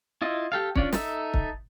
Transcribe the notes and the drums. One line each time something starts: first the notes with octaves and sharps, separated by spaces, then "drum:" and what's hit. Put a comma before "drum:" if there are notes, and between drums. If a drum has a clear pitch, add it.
E4 F4 D#5
G4 A4 F5
C#4 D4 F4, drum: kick
D#4 A4 E5, drum: snare
drum: kick